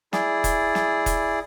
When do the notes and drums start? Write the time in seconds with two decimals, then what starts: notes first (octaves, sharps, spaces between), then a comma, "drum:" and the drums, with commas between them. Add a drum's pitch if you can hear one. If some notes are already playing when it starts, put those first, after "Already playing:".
0.13 E4 G#4 D5, drum: snare
0.44 drum: kick E1, hi-hat
0.75 drum: snare
1.06 drum: kick E1, hi-hat